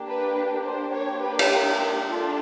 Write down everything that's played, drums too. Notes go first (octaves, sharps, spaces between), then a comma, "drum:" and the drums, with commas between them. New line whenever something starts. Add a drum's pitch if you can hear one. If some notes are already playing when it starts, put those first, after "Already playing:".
Already playing: A#3 D4 G4
B4
C5
A#3 D4 G4 C#5
B4
drum: cymbal
A#4
D4 F4 A4